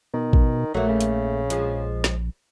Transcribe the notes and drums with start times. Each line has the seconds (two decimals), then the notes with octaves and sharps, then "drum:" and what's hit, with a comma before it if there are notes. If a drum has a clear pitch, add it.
0.14 B2 D#3
0.33 drum: kick
0.74 A#1 F#3 A3 A#3
0.89 C#3
1.01 drum: hi-hat
1.50 F3 G#3, drum: hi-hat
2.04 drum: snare